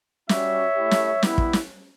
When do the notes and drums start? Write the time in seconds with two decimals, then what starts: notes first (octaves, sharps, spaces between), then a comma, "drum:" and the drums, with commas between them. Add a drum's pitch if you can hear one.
0.29 G3 C#4 F#4 C#5 E5, drum: snare
0.76 A3 E4 G4
0.91 drum: snare
1.23 G3 B3 E4, drum: snare
1.38 drum: kick
1.53 drum: snare